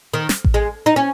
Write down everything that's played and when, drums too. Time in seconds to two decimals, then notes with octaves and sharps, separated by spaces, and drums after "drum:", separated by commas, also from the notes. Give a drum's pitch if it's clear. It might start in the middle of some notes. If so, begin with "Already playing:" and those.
0.14 D#3
0.29 drum: snare
0.44 drum: kick A1
0.54 G#3
0.86 D#4
0.96 C#4